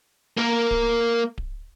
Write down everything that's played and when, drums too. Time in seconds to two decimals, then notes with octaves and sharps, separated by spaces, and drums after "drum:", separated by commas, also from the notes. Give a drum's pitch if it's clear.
0.37 A#3 A#4
0.71 drum: kick D1
1.38 drum: kick D1